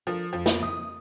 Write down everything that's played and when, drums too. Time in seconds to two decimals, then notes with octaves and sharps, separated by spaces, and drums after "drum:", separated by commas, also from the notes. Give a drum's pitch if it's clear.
0.07 F3 D4 A4 A#4
0.33 F2 F3
0.46 drum: snare
0.63 D#6